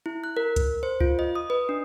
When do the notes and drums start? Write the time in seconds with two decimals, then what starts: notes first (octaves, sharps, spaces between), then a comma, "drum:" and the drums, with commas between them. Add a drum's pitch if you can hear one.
0.06 E4
0.24 F#6
0.37 A#4
0.56 drum: kick C#2, hi-hat
0.83 C5
1.01 F4, drum: kick C#2
1.19 D#5
1.35 D#6
1.50 B4
1.69 D4